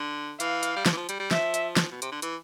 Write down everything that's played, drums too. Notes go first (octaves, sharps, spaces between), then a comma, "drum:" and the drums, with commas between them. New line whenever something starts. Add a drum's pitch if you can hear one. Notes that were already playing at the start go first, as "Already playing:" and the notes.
Already playing: D3
E3 F5, drum: hi-hat
drum: hi-hat
G3
F3, drum: snare
E3
F3
G3, drum: hi-hat
G3
F3 E5, drum: snare
drum: hi-hat
drum: snare
B2
C3, drum: hi-hat
D3
E3, drum: hi-hat